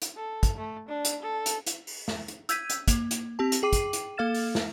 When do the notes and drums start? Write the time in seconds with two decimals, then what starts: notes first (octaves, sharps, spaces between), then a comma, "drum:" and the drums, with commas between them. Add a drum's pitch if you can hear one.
0.02 drum: hi-hat
0.16 A4
0.43 drum: kick, hi-hat
0.57 A3
0.88 D4
1.05 drum: hi-hat
1.22 A4
1.46 drum: hi-hat
1.67 drum: hi-hat
1.87 drum: open hi-hat
2.08 drum: snare
2.28 drum: hi-hat
2.49 E6 G6 G#6 B6 D#7, drum: hi-hat
2.70 drum: hi-hat
2.88 A#3, drum: kick, hi-hat
3.11 drum: hi-hat
3.39 C4 G4 A5
3.52 drum: hi-hat
3.63 G#4 G5 D6 C7 D#7
3.73 drum: kick, hi-hat
3.93 drum: hi-hat
4.17 A#3 A4 F5 F6 A6 E7
4.34 drum: open hi-hat
4.55 drum: snare